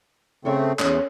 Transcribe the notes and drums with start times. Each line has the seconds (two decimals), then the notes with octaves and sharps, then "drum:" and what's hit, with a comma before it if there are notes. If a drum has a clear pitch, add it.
0.45 C#3 A3 C4 A4 C#5 E5
0.79 E2 C#4, drum: clap